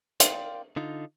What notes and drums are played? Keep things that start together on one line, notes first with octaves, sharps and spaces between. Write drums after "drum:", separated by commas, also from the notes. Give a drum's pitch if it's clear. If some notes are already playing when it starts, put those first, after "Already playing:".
A#4 D5 F5 G5 C6, drum: hi-hat
D3 D#4 F4